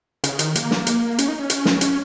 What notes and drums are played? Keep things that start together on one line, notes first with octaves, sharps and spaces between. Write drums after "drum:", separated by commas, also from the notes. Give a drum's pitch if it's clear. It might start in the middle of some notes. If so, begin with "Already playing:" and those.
C#3, drum: hi-hat
D#3, drum: hi-hat
A#3, drum: hi-hat
drum: snare
drum: hi-hat
C#4, drum: hi-hat
D#4
C#4
drum: hi-hat
drum: snare
C#4, drum: hi-hat